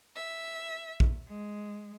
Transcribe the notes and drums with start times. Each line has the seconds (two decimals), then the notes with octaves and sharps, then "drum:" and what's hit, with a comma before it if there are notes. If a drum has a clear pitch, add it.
0.16 E5
1.00 drum: kick
1.28 G#3